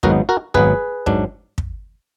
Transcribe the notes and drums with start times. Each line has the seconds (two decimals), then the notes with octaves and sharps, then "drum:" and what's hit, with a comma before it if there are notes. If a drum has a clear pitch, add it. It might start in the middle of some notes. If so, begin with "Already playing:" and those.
0.03 G#1 G#2 F#3 B3 D#4 F#4 A#4, drum: kick
0.29 F#4 A#4
0.54 G#1 G#2 F#3 B3 D#4 G#4 B4, drum: kick
1.06 G#2 F#3 D4, drum: kick
1.58 drum: kick